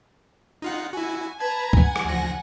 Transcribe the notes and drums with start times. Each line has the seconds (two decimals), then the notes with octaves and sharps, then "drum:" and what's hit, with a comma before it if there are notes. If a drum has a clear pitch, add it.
0.62 D#4 F4 F#5
0.93 E4 F#4 G#5
1.40 B4 A5 A#5 G#6
1.73 F#5 G#5, drum: kick
1.96 drum: rim click
2.05 D2 F3 A#6